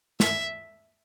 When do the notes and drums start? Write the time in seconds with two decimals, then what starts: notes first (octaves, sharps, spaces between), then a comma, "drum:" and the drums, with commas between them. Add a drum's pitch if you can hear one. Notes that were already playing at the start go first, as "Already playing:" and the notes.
0.20 E5, drum: snare